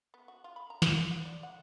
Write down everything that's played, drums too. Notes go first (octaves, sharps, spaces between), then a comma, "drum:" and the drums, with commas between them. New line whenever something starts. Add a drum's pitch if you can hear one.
B3
F#4
F4
B5
A#5
C#3, drum: snare
C4
F#5
D5
F#5